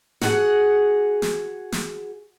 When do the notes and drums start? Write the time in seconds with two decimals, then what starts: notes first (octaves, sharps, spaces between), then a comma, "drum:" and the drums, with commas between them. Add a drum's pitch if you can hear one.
0.21 F#4 G#4 F#5, drum: snare
1.22 drum: snare
1.72 drum: snare